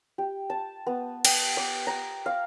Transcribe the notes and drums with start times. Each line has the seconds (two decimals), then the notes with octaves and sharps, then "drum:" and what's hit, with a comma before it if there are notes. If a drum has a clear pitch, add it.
0.18 G4
0.50 A5
0.86 B3
1.25 G5, drum: cymbal
1.57 D6
1.87 A#5
2.26 F5